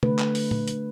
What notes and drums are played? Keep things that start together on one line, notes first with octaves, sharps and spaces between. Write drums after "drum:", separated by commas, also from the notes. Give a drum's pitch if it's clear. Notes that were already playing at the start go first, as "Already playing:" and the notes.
D3 A3 D4 B4, drum: tom
drum: clap
drum: open hi-hat
drum: tom A#2
D3 A3 D4, drum: hi-hat